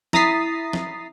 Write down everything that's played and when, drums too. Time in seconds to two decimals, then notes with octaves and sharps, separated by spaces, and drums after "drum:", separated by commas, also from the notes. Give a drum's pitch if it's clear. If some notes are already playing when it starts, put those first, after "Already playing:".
0.13 E4 A#5 D#6 A6 B6 C7, drum: snare
0.73 drum: snare